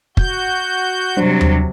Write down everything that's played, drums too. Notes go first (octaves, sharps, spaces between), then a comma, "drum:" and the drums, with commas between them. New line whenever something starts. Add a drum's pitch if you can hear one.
F#4 G6, drum: kick
C3 F#3 G3 D4 C5
drum: tom D#2